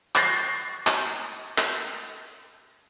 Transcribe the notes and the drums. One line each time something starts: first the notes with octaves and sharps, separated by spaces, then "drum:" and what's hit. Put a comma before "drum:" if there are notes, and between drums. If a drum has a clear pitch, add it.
C#6 F#6 G6 A6 A#6 C7, drum: clap
drum: clap
drum: clap